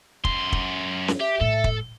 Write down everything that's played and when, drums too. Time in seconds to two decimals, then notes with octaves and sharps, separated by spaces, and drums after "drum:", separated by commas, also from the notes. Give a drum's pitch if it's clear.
0.25 F#2 C6, drum: kick
0.52 drum: kick
1.08 drum: snare C#4
1.20 G4 E5
1.41 A2 A4
1.64 drum: kick